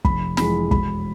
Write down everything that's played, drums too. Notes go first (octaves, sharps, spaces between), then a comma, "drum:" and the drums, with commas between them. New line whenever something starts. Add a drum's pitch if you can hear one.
F1 B5, drum: kick
F2 E3 G#3 B5, drum: snare
E1 B5, drum: kick